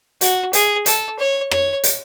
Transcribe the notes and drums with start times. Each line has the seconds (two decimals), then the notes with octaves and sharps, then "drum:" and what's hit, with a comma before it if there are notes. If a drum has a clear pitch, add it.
0.21 F#4, drum: hi-hat
0.53 G#4, drum: hi-hat
0.86 A4, drum: hi-hat
1.19 C#5
1.51 C#5, drum: rim click
1.84 drum: hi-hat